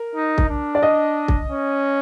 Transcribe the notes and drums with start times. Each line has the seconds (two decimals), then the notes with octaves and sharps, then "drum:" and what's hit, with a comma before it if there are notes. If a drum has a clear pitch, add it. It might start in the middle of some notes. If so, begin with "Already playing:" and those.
Already playing: A#4
0.15 D#4
0.38 drum: kick
0.50 D4
0.75 D5
0.83 D#5
1.28 drum: kick
1.50 C#4